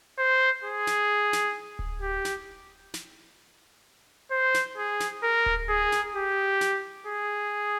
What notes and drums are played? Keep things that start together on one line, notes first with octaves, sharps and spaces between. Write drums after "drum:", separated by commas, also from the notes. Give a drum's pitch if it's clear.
C5
G#4
drum: snare
drum: snare
drum: kick D1
G4
drum: snare
drum: snare
C5
drum: snare
G#4
drum: snare
A#4
drum: kick D1
G#4
drum: snare
G4
drum: snare
G#4